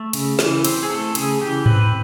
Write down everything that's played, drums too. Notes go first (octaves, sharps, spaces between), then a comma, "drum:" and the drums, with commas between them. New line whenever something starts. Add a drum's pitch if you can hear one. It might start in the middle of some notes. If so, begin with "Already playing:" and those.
Already playing: A3
C#3, drum: cymbal
E3, drum: snare
C4, drum: cymbal
G#4
A3 A4
C#3 G#4, drum: cymbal
E3 G4
C4 B4, drum: tom G#2